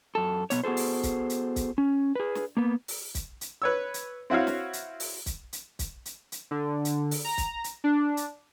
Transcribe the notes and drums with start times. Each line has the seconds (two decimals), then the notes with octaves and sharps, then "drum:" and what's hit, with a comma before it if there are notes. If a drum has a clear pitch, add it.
0.15 F#2 A4
0.50 B2 B3 C#5, drum: hi-hat
0.64 B3 F#4 G#4 A4 C5
0.77 drum: open hi-hat
1.03 drum: kick, hi-hat
1.30 drum: hi-hat
1.56 drum: kick, hi-hat
1.78 C#4
2.15 G#4 B4
2.35 drum: snare
2.57 A#3 B3
2.88 drum: open hi-hat
3.15 drum: kick, hi-hat
3.41 drum: hi-hat
3.62 B4 C#5 E6
3.94 drum: hi-hat
4.30 C4 E4 F#4 C#5 F5
4.47 drum: snare
4.73 drum: hi-hat
5.00 drum: open hi-hat
5.26 drum: kick, hi-hat
5.53 drum: hi-hat
5.79 drum: kick, hi-hat
6.05 drum: hi-hat
6.32 drum: hi-hat
6.51 D3
6.85 drum: hi-hat
7.11 drum: open hi-hat
7.25 A#5
7.38 drum: kick, hi-hat
7.64 drum: hi-hat
7.84 D4
8.17 drum: hi-hat